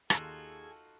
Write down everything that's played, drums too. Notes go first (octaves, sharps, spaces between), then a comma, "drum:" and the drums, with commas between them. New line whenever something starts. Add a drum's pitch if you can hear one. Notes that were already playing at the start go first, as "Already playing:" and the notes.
D#2 D#4 F4 F#4 G#4 A4 E6 G#6, drum: rim click